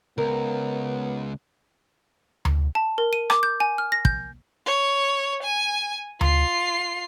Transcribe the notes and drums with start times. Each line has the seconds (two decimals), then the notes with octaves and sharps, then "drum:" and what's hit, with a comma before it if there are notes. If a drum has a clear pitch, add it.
0.18 C#2 B3 A#4
2.45 drum: tom D2
2.75 A5
2.98 A#4
3.13 D#7
3.30 D6, drum: rim click
3.43 G6
3.60 G#5
3.78 F6
3.92 A#6
4.05 G6, drum: kick
4.66 C#5
5.44 G#5
6.21 F4 C7, drum: tom D2